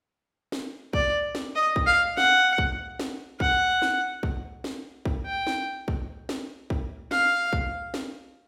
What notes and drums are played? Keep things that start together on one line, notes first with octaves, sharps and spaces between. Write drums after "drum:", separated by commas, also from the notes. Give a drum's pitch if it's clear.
drum: snare
D5, drum: kick
drum: snare
D#5
drum: kick
F5
F#5, drum: snare
drum: kick
drum: snare
F#5, drum: kick
drum: snare
drum: kick
drum: snare
drum: kick
G5
drum: snare
drum: kick
drum: snare
drum: kick
F5, drum: snare
drum: kick
drum: snare